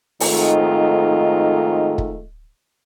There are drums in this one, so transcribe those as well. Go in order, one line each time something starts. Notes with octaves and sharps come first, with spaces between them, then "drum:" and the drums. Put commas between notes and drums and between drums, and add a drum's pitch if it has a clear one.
F2 G#2 D#3 A3 F4 D#5, drum: open hi-hat
drum: kick